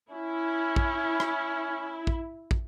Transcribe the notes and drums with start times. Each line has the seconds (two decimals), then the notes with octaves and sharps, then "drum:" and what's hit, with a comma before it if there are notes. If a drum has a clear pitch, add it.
0.11 C#4 E4
0.76 drum: kick
1.20 drum: rim click
2.07 drum: kick
2.51 drum: kick